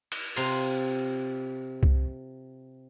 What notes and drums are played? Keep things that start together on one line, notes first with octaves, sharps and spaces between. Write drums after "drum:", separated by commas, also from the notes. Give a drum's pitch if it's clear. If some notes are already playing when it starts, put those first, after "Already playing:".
drum: cymbal
C3 F4 A#5 C6, drum: cymbal
drum: kick C2